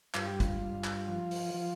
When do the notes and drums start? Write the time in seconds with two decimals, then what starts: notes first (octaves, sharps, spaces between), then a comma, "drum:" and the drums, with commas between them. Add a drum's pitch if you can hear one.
0.14 G2 F4, drum: clap
0.27 G4
0.40 F4, drum: kick, hi-hat
0.61 G2
0.84 drum: clap
1.08 F3
1.31 drum: open hi-hat
1.54 F3